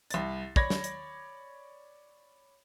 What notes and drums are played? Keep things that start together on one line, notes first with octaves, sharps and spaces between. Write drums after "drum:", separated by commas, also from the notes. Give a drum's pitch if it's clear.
C2 A6, drum: hi-hat
C#5 D5 B5 G#6 A#6, drum: kick
drum: snare
drum: hi-hat